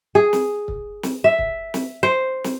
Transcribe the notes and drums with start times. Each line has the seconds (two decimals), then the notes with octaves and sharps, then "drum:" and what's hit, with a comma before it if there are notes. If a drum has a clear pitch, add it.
0.15 G#4
0.33 drum: snare
0.68 drum: kick
1.03 drum: snare
1.24 E5
1.39 drum: kick
1.74 drum: snare
2.03 C5
2.44 drum: snare